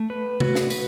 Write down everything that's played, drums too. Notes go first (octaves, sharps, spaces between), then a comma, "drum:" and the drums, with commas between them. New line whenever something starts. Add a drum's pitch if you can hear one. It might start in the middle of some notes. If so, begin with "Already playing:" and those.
Already playing: A3
B4
F#4, drum: tom
drum: snare
B4, drum: tambourine